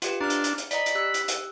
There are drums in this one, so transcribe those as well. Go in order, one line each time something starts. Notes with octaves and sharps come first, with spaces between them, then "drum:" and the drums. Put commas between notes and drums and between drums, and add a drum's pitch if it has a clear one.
F4 G4 B4, drum: hi-hat
D4 A#5 F6
drum: hi-hat
drum: hi-hat
drum: hi-hat
D5 D#5 A#5 B5, drum: hi-hat
drum: hi-hat
G4 E6 F#6
drum: hi-hat
drum: hi-hat